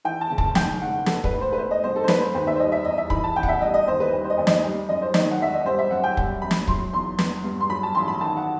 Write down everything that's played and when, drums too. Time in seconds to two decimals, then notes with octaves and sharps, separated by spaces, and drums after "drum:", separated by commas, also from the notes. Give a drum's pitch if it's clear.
0.05 E3 G5
0.21 A5
0.31 F#1
0.38 A5, drum: kick
0.55 D#3 G5, drum: snare
0.81 E1 F#5
1.06 B3 A4, drum: snare
1.24 B4, drum: kick
1.32 A2
1.41 C5
1.53 B4
1.58 A3 C5
1.71 D#5
1.83 C2 C5
1.96 A4
2.04 C5
2.08 A3 B4, drum: snare
2.21 C5
2.34 D#2 C5
2.47 E5
2.55 C5
2.60 G3 D#5
2.72 E5
2.85 E2 D#5
2.98 E5
3.10 E3 B5, drum: kick
3.24 A5
3.36 A1 G5
3.43 F#5, drum: kick
3.48 E5
3.62 G3 D#5
3.74 D#5
3.87 D#2 C5
4.00 B4
4.13 G3
4.24 C5
4.30 D#5
4.38 D#2
4.47 D#5, drum: snare
4.64 G3
4.89 F#2 D#5
5.02 C5
5.14 D#3 D#5, drum: snare
5.31 F#5
5.40 E1 E5
5.54 D#5
5.66 G3 C5
5.79 E5
5.91 F#2 F#5
6.04 G5
6.17 G3, drum: kick
6.42 F#2 B5
6.51 drum: snare
6.68 F#3 C6, drum: kick
6.93 E2 C6
7.19 B3, drum: snare
7.44 G2
7.60 C6
7.69 F#3 B5
7.83 A5
7.95 A1 C6
8.08 B5
8.21 D#3 A5
8.37 F#5